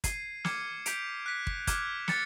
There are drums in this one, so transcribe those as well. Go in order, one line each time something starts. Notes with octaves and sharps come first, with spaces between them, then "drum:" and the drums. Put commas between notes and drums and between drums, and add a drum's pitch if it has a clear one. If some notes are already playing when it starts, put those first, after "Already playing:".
G#6 C7 D#7, drum: kick, hi-hat
D6 F6 G#6 C#7, drum: snare
G6 B6 D7 F7, drum: hi-hat
F#6 B6 D7
drum: kick
D6 F6 G#6, drum: kick, hi-hat
A6 C#7, drum: snare